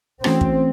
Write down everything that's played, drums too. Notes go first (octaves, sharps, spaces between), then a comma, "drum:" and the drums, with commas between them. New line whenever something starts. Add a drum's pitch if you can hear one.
E3 A3 C4 C#4 F#4, drum: rim click
drum: kick